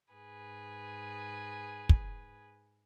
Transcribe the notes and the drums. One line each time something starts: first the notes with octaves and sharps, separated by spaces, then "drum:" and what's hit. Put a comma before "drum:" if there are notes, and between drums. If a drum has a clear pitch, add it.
G#2 G#4 B4
drum: kick